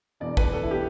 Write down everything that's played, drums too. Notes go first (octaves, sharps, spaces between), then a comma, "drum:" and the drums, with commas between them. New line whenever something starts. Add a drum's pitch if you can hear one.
E1 E2 B2 D5
B4, drum: kick
A4
E4
B2 G4